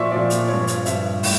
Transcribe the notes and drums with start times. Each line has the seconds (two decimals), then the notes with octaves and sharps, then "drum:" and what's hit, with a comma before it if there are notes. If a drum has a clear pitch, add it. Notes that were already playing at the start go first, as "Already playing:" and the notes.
Already playing: A#2 F3 D5 E5 C#6
0.11 A#2 F3 D5
0.30 drum: hi-hat
0.48 G2 F3 C#5
0.67 drum: hi-hat
0.86 G2 F3 E5, drum: hi-hat
1.23 A2, drum: open hi-hat